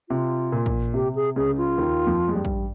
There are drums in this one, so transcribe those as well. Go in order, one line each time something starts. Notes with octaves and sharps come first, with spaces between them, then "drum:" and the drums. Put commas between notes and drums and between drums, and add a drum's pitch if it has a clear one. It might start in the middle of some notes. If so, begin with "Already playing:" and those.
C3 F4
A#2
drum: kick
C3 G4
G#4
C#2 C#3 G#4
F4
D#2 D#3
F2 F3
G#3
G2 G3
drum: kick